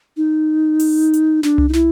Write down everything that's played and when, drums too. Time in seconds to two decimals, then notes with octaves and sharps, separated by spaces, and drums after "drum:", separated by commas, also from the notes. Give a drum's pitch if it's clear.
0.17 D#4
0.80 drum: open hi-hat
1.13 drum: hi-hat
1.43 D4, drum: snare
1.58 drum: tom C2
1.69 D#4
1.73 E4, drum: snare